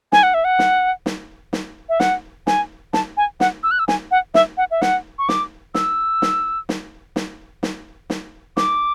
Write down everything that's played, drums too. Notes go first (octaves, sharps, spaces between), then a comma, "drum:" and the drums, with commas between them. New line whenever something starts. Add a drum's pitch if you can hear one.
G#5, drum: snare
F#5
E5
F#5
drum: snare
drum: snare
drum: snare
E5
F#5, drum: snare
G#5, drum: snare
A5, drum: snare
G#5
F#5, drum: snare
E6
F#6
E6
G#5, drum: snare
F#5
E5, drum: snare
F#5
E5
F#5, drum: snare
C#6
D6, drum: snare
E6, drum: snare
drum: snare
drum: snare
drum: snare
drum: snare
drum: snare
D6, drum: snare